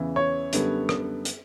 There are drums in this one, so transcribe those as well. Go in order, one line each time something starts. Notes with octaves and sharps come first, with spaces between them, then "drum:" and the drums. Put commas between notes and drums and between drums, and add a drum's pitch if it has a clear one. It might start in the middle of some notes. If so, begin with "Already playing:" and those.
Already playing: E2 C#3 E3
C#5
F#2 D3 G3 B3, drum: hi-hat
drum: rim click
drum: hi-hat